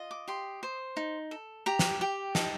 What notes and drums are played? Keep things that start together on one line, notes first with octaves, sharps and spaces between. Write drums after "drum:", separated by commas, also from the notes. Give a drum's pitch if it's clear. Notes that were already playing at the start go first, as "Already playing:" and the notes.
Already playing: F4 D#5
D6
G4 C6
C5
D#4
A4
G4 A#5
drum: snare
G4 G5
D#4 A5, drum: snare